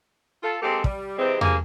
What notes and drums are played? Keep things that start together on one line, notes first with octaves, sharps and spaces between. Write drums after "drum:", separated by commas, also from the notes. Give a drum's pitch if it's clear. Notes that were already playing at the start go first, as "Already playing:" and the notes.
F4 A4
G#3 A#3 C4 G4 A4
G3, drum: kick
C3 E3 G#3 C4
G2 F3 A#3 G#4, drum: tom E2